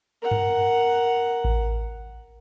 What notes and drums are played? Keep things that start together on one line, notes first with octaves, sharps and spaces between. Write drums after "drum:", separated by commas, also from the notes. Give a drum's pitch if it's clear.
A#4 F#5
drum: tom G2
drum: kick A1